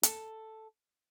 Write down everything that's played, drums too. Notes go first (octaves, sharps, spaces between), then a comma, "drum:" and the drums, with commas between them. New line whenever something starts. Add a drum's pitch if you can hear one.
A4, drum: hi-hat